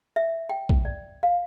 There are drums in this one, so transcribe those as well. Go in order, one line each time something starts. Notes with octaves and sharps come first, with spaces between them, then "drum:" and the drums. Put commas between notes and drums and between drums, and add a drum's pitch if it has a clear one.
E5
G5
drum: kick
D5
F5